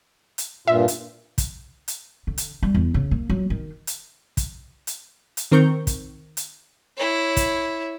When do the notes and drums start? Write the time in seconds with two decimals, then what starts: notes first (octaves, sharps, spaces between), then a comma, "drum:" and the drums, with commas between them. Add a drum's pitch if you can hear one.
0.38 drum: hi-hat
0.68 G2 A#2 F4 E5
0.88 drum: hi-hat
1.38 drum: kick, hi-hat
1.88 drum: hi-hat
2.27 D3
2.38 drum: hi-hat
2.63 G3
2.74 E2
2.94 C#3
3.11 A#3
3.30 F#3
3.50 D#3
3.87 drum: hi-hat
4.37 drum: kick, hi-hat
4.87 drum: hi-hat
5.37 drum: hi-hat
5.52 D#3 C4 A#4 C#6 G6
5.87 drum: kick, hi-hat
6.37 drum: hi-hat
6.96 E4 C#5
7.37 drum: kick, hi-hat